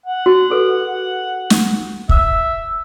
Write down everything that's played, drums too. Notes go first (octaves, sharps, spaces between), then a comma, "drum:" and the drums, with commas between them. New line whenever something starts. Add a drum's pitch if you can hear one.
F#5
F#4
G#4 A4 B4
drum: snare
E5, drum: kick